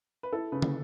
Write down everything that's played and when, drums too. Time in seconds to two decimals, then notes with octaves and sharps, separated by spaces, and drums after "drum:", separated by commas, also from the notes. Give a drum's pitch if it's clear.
0.23 B4
0.33 E4 A4
0.52 C#3 B4
0.62 drum: tom